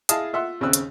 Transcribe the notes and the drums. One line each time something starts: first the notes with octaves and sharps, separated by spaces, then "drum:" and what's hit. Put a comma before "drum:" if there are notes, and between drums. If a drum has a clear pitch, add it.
E4 G#4 D#5 F5 A5 D#6, drum: hi-hat
F4 E5 F#5 C6 E6
D#2 C#3 C4 C#4 E6 F#6
drum: hi-hat